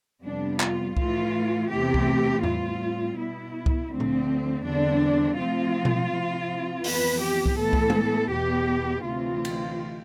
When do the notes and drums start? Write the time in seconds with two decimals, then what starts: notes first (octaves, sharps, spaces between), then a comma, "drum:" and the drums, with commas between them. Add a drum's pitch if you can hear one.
0.23 F2 C3 G3 B3 D4
0.60 F4, drum: clap
0.97 A2 E3 A3 F4, drum: kick C2
1.70 E2 C3 E3 A3 C4 G4
1.94 drum: kick C2
2.43 A2 G3 C4 F4, drum: tom E2
3.17 B2 B3 E4
3.66 drum: kick C2
3.90 D2 D3 F3 A3 C4
4.00 drum: tom A#2
4.64 E2 D3 G3 C4 D4
5.38 C3 F3 A3 C4 F4
5.85 drum: tom B2
6.11 C3 F3 C4
6.84 F2 E3 B3 B4, drum: open hi-hat
7.21 G4
7.46 drum: kick C2
7.58 A2 E3 B3 A4
7.73 drum: kick C2
7.90 drum: tom G#3
8.31 E2 B2 B3 G4
9.04 D2 C3 E3 A3 C4 F4
9.45 drum: cymbal